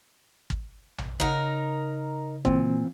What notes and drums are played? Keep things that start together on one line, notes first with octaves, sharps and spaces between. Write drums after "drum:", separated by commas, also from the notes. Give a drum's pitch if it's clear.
drum: kick
drum: tom A#1
C#3 D#4 A#4 F#5, drum: kick
A#2 E3 C4, drum: kick